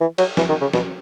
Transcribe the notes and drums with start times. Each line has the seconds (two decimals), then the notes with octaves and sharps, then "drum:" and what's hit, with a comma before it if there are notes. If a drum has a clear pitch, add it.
0.01 E3
0.18 F#3, drum: cymbal
0.37 E3, drum: snare
0.49 D#3
0.61 C#3
0.73 B2, drum: snare